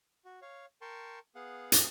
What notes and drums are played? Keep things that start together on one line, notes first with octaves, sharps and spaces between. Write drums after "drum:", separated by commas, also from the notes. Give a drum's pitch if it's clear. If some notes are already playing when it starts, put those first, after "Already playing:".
F#4
C#5 F5
A#4 G5 A5 C6 C#6
B3 G#4 F5 F#5
drum: hi-hat